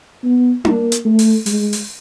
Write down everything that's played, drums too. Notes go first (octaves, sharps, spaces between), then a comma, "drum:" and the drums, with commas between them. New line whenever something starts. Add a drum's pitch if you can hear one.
B3
A#3, drum: tom D4
drum: hi-hat
A3
drum: open hi-hat
G#3, drum: open hi-hat
drum: open hi-hat